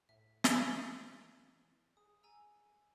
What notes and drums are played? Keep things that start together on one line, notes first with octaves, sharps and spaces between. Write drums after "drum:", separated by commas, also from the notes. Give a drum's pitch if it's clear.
A2 E5
drum: snare
E3
G#4 D#6
G#5 A#5 E6